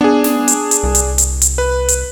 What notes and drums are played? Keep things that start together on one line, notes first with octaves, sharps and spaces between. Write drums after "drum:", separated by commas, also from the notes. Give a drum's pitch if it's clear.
B3 D4 G#4
drum: snare
drum: hi-hat
drum: hi-hat
C2
drum: hi-hat
drum: hi-hat
drum: hi-hat
B4
drum: hi-hat